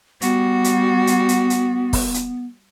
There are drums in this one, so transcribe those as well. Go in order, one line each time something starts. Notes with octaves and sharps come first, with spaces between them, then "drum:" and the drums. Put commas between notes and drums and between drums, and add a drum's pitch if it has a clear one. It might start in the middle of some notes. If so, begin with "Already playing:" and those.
G3 B3 F#4, drum: hi-hat
drum: hi-hat
drum: hi-hat
drum: hi-hat
drum: hi-hat
drum: kick, open hi-hat
drum: hi-hat